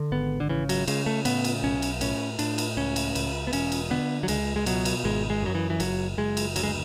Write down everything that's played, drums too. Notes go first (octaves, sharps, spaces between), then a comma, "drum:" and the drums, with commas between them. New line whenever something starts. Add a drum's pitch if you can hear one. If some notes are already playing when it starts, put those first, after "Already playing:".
Already playing: D3
G#1 B3
D3
C#3 E3
F#3, drum: cymbal
C#3 G#3, drum: cymbal
A3
A2 B3, drum: cymbal
drum: cymbal
B1 C#4
drum: cymbal
A2 C#4, drum: cymbal
A2 D4, drum: cymbal
drum: cymbal
C#2 C#4
drum: cymbal
C#2, drum: cymbal
B3
E1 C#4, drum: cymbal
drum: cymbal
D3 B3
F#3
C#2 G#3, drum: cymbal
G#3
B2 F#3, drum: cymbal
drum: cymbal
G#1 G#3
G#3
F#2 F#3
E3
E3
F#1 F#3, drum: cymbal
F#1 G#3
drum: cymbal
D2 F#3, drum: cymbal
G#3